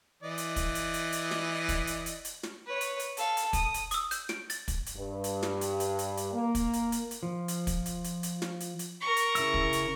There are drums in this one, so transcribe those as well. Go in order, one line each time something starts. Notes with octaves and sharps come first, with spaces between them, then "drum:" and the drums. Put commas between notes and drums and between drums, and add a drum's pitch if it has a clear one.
E3 D5 D#5
drum: hi-hat
drum: kick, hi-hat
drum: hi-hat
drum: hi-hat
drum: hi-hat
drum: snare
drum: kick, hi-hat
drum: hi-hat
drum: hi-hat
drum: hi-hat
drum: snare
B4 C#5
drum: hi-hat
drum: hi-hat
A4 F5, drum: hi-hat
drum: hi-hat
D#6, drum: kick, hi-hat
drum: hi-hat
D#6 E6, drum: hi-hat
G6, drum: hi-hat
D7, drum: snare
A6, drum: hi-hat
drum: kick, hi-hat
drum: hi-hat
G2
drum: hi-hat
drum: snare
drum: hi-hat
drum: hi-hat
drum: hi-hat
drum: hi-hat
A#3
drum: kick, hi-hat
drum: hi-hat
drum: hi-hat
drum: hi-hat
F3
drum: hi-hat
drum: kick, hi-hat
drum: hi-hat
drum: hi-hat
drum: hi-hat
drum: snare
drum: hi-hat
drum: hi-hat
A#4 C#6
drum: hi-hat
C#3 E4 E6, drum: hi-hat
drum: kick
drum: hi-hat